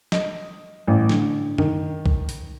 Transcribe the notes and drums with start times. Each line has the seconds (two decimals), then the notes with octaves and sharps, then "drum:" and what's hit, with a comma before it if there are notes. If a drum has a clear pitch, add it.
0.12 D#5, drum: snare
0.87 A1
1.09 D3, drum: snare
1.58 D#3, drum: tom F#2
2.06 drum: kick
2.29 drum: open hi-hat